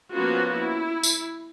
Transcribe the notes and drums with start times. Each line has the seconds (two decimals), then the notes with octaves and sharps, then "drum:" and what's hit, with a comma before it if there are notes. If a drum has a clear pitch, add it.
0.13 F3 A#3 B3 C#4 F4 F#4
0.57 E4
1.03 drum: tambourine